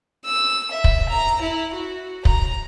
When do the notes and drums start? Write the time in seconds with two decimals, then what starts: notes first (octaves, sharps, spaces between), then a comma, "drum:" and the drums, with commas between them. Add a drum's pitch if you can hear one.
0.25 E6
0.71 E5
0.84 drum: kick
1.09 A#5
1.41 E4
1.74 F#4
2.25 A#5, drum: kick